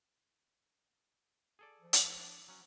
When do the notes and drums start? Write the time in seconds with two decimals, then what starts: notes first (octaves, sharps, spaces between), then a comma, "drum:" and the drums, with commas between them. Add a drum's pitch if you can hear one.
1.59 G#4 A4 D5
1.81 F3
1.93 drum: hi-hat
2.17 D4 D5
2.48 F#3 C#4